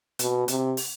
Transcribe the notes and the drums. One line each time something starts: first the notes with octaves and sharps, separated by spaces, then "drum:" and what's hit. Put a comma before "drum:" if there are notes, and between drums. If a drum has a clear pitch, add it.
B2, drum: hi-hat
C3, drum: hi-hat
drum: open hi-hat